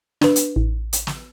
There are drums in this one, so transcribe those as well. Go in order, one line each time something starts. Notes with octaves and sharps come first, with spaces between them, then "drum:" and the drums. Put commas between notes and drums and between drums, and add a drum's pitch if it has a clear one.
D4 B4, drum: snare
drum: hi-hat
A1
drum: hi-hat
drum: snare